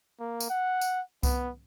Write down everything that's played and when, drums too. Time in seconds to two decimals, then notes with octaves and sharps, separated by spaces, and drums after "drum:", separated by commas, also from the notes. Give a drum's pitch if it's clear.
0.20 A#3
0.40 drum: tambourine
0.50 F#5
0.81 drum: tambourine
1.23 B3, drum: kick C2, tambourine